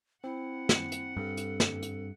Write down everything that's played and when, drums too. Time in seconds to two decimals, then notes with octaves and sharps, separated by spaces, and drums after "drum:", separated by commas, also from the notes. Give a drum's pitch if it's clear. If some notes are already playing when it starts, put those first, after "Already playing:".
0.24 C4 E4 F#5
0.69 drum: snare
0.92 drum: hi-hat
1.17 G2 A4
1.37 drum: hi-hat
1.60 drum: snare
1.83 drum: hi-hat